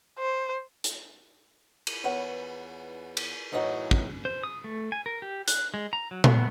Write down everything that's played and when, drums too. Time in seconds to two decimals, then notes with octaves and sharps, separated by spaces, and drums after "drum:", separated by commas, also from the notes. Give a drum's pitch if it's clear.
0.19 C5
0.84 drum: hi-hat
1.87 drum: cymbal
2.04 E2 B4 C#5 F#5
3.17 drum: cymbal
3.52 F#2 A2 E3 D#4 F4 F#4
3.91 drum: kick
4.25 C5
4.44 D#6
4.64 A3
4.92 G#5
5.06 A#4
5.22 G4
5.48 F#6, drum: hi-hat
5.74 G#3
5.93 A#5
6.11 F#3
6.24 B3, drum: tom A#2